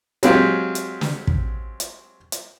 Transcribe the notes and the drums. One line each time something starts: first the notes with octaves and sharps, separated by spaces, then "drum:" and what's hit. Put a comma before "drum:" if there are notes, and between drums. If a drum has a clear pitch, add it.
F#3 G#3 C4 F4 G4, drum: hi-hat
drum: hi-hat
drum: snare
drum: kick
drum: hi-hat
drum: hi-hat